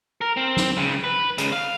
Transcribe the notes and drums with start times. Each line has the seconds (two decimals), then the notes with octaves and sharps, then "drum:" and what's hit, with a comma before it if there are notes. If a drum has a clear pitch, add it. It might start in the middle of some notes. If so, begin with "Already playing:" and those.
0.21 A#4
0.37 C4
0.57 drum: snare
0.77 C#2 C#3
1.04 B4
1.38 C#2 C#3, drum: hi-hat
1.52 F5